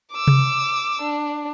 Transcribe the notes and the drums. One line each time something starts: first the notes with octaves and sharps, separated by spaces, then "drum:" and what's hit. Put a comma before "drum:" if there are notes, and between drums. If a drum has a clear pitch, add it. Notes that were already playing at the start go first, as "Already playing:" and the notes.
D6 E6
drum: tom C3
D4